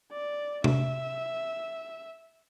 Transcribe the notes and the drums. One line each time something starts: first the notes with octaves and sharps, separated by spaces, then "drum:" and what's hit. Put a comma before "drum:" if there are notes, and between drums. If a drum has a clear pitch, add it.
D5
E5, drum: tom C3